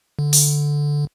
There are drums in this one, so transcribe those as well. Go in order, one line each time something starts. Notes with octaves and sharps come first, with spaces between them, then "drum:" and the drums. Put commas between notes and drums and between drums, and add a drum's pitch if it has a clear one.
D3
drum: open hi-hat